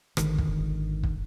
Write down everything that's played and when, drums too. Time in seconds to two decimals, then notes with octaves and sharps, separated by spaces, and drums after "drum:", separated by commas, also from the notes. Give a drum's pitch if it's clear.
0.17 G#1 D3 D#3, drum: rim click
0.38 drum: kick
1.04 drum: kick